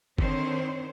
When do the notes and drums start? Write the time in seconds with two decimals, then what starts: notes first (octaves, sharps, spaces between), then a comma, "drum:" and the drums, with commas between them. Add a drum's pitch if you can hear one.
0.18 D3 D#3 C4 C5 C#5, drum: kick F#1